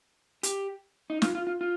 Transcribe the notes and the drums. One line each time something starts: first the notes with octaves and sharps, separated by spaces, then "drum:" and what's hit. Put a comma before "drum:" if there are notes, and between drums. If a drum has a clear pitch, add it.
G4, drum: hi-hat
D#4
F4, drum: snare
F4
F4
F4